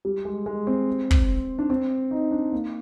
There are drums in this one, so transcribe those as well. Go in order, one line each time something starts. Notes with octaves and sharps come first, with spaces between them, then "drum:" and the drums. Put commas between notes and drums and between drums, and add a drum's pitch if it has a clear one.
G3
G#3
G#3
C4
drum: kick
D4
C4
D#4
D4
A#3